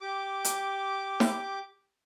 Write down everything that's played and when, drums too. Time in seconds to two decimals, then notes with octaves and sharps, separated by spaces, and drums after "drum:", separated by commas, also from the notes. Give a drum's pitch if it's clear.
0.01 G4 D6
0.44 drum: hi-hat
1.20 drum: snare